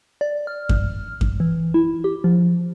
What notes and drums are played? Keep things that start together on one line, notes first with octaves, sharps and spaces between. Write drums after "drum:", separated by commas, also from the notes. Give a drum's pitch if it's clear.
D5
F6
drum: kick F#2
drum: kick F#2
E3
E4
G4
F3